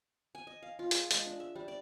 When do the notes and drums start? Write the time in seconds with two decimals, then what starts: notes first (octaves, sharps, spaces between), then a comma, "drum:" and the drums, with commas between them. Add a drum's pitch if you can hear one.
0.35 G#5
0.47 D#5
0.63 F5
0.79 F4
0.91 G#4, drum: hi-hat
1.11 G#3, drum: hi-hat
1.26 D4
1.40 E5
1.56 G3
1.68 D5